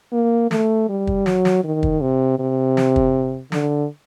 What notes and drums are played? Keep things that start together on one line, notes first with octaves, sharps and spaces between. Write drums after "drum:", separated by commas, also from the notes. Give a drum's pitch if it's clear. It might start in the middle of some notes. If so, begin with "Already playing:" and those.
A#3
A3, drum: snare
G3
drum: kick
F#3, drum: snare
drum: snare
D#3
drum: kick
C3
C3
drum: snare
drum: kick
D3, drum: snare